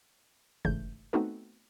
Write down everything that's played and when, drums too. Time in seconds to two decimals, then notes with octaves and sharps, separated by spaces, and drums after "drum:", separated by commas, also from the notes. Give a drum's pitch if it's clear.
0.65 G1 G#2 C#3 E3 A3 G6, drum: kick F1
1.13 A3 B3 C4 D#4 F#4 A4